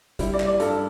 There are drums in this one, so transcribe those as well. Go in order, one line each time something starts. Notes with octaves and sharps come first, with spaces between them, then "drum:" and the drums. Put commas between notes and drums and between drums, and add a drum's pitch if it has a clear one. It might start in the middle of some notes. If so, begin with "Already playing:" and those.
G3 E4, drum: kick, hi-hat
D5
G3, drum: clap
D5
G2 A4, drum: hi-hat